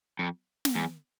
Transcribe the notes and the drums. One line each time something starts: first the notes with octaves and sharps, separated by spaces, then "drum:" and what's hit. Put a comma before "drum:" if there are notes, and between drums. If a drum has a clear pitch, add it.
F2
drum: snare
E2